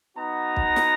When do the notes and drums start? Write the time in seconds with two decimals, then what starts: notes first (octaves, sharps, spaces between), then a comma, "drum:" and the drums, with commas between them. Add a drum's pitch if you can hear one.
0.17 B3 D#4 F#4 A#5
0.57 drum: kick B1
0.76 drum: snare